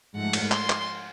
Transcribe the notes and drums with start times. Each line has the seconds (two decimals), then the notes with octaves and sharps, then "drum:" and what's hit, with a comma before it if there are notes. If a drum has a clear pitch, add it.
0.15 G#2 F3 A3 F#5
0.33 drum: cymbal
0.51 C6, drum: clap
0.70 drum: clap